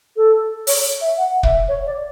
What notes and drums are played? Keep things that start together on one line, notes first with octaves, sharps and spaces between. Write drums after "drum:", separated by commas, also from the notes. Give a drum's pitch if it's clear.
A4
C#5, drum: open hi-hat
E5
F#5
E5, drum: kick
C#5
D5